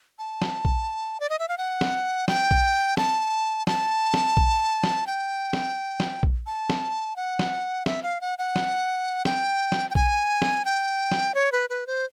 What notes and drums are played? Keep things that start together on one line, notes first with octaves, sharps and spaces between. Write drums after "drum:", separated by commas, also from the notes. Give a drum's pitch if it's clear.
A5
drum: snare
drum: kick A#1
D5
D#5
E5
F5
F#5
drum: snare
G5, drum: snare
drum: kick A#1
A5, drum: snare
A5, drum: snare
drum: snare
drum: kick A#1
drum: snare
G5
drum: snare
drum: snare
drum: kick A#1
A5
drum: snare
F#5
drum: snare
E5, drum: snare
F5
F#5
F#5
drum: snare
G5, drum: snare
drum: snare
G5
G#5, drum: kick A#1
drum: snare
G5
drum: snare
C#5
B4
B4
C5